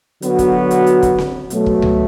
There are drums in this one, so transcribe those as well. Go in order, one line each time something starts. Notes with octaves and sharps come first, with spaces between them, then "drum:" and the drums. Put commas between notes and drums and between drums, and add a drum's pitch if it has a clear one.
D3 F#3 B3 F#4, drum: hi-hat
drum: kick, hi-hat
drum: hi-hat
drum: hi-hat
drum: kick, hi-hat
drum: snare C4
B2 F#3 A3, drum: hi-hat
drum: kick
drum: tom C#2